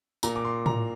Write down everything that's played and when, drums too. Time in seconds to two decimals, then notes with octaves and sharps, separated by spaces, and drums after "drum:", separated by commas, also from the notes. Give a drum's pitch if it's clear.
0.23 A#2 A#5, drum: tambourine
0.35 D6
0.45 C6
0.66 A#5, drum: tom A2